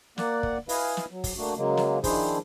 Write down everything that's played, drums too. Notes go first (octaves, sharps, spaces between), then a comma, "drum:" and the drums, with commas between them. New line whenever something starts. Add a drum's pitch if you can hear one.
A#3 D5 F#5, drum: snare
drum: kick
E4 B4 D#5 F5 G#5, drum: open hi-hat
drum: snare
F#3
drum: kick, open hi-hat
A3 A#3 D4 F#4
C#3 F#3 G#3 A#3
drum: snare
D#3 F3 D4 E4 G#4 C5, drum: kick, open hi-hat